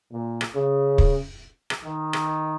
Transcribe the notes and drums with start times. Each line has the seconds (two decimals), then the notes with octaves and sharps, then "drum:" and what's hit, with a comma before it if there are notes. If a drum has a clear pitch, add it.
0.12 A#2
0.41 drum: rim click
0.55 C#3
0.98 drum: kick
1.70 drum: rim click
1.85 D#3
2.13 drum: rim click